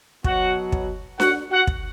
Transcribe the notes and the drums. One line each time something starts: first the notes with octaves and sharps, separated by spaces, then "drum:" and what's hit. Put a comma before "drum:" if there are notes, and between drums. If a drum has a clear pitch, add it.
B2 F#3 F#4 F#5, drum: kick
drum: kick
F#4 F#5, drum: snare D4
F#4 F#5
drum: kick